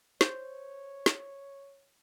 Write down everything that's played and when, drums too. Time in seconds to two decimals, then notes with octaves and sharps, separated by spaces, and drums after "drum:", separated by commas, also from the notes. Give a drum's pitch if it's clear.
0.21 C5 C#5, drum: snare
1.06 drum: snare